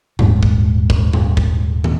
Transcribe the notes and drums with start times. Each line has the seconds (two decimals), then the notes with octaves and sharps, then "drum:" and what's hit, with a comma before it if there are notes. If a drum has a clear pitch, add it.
0.19 D#1 G#2, drum: tom F2
0.43 drum: kick
0.90 drum: kick
1.13 drum: tom F2
1.37 drum: kick
1.84 drum: tom